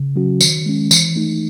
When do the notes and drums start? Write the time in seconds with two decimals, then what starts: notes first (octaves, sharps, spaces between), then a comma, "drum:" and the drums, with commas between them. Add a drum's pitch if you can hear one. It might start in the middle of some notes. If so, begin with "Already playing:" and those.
Already playing: C#3
0.16 F#3 C#4 F#4
0.41 D#3, drum: tambourine
0.66 G#3 C#4
0.91 E3, drum: tambourine
1.16 A3 D#4